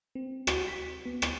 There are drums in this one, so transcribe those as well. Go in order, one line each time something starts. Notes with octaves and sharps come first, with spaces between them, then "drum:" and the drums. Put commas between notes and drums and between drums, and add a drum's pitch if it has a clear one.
C4
F#4, drum: rim click
B6
B3
drum: rim click